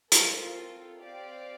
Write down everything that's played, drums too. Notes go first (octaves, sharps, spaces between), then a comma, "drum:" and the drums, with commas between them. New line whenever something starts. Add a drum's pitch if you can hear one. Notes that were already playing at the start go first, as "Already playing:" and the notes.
C4 F4 A4 A#4, drum: hi-hat
C4 G4 D5 F5